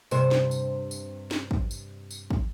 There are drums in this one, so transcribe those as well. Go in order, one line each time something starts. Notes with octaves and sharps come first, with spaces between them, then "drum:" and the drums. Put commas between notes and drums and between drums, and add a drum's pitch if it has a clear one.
G2 C3 C5, drum: tambourine
drum: snare
drum: tambourine
drum: tambourine
drum: snare
drum: kick
drum: tambourine
drum: tambourine
drum: kick